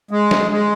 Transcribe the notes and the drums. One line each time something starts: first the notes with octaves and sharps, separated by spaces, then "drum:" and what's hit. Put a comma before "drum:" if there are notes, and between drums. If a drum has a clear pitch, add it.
G#3
drum: snare
G#3